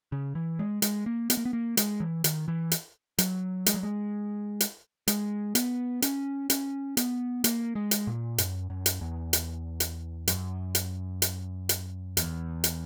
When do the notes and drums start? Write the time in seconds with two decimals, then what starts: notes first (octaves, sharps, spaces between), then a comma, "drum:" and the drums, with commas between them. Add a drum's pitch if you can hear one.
0.12 C#3
0.35 E3
0.59 G#3
0.82 G#3, drum: hi-hat
1.06 A#3
1.30 B3, drum: hi-hat
1.37 A#3
1.45 B3
1.53 A#3
1.77 G#3, drum: hi-hat
2.00 E3
2.24 D#3, drum: hi-hat
2.48 E3
2.72 drum: hi-hat
3.18 F#3, drum: hi-hat
3.66 G#3, drum: hi-hat
3.74 F#3
3.83 G#3
4.60 drum: hi-hat
5.08 G#3, drum: hi-hat
5.55 B3, drum: hi-hat
6.02 C#4, drum: hi-hat
6.50 C#4, drum: hi-hat
6.97 B3, drum: hi-hat
7.44 A#3, drum: hi-hat
7.75 G#3
7.91 drum: hi-hat
8.07 A#2
8.38 F#2, drum: hi-hat
8.70 F#2
8.86 drum: hi-hat
9.01 E2
9.33 drum: hi-hat
9.80 drum: hi-hat
10.27 F#2, drum: hi-hat
10.75 drum: hi-hat
11.22 drum: hi-hat
11.69 drum: hi-hat
12.17 E2, drum: hi-hat
12.64 drum: hi-hat